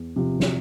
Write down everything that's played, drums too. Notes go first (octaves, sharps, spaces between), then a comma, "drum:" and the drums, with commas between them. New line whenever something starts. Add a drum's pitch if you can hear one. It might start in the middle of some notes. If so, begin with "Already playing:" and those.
Already playing: E2
C3 F3
drum: snare